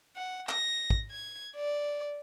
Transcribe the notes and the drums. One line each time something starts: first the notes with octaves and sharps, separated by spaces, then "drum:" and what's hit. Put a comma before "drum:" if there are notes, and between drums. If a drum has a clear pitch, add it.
F#5
A#6, drum: clap
drum: kick
G#6
D5